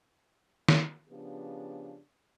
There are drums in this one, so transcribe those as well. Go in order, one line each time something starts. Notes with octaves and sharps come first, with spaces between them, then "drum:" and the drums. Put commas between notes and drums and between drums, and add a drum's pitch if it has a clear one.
drum: snare
C#3 F3 B3 D4 G4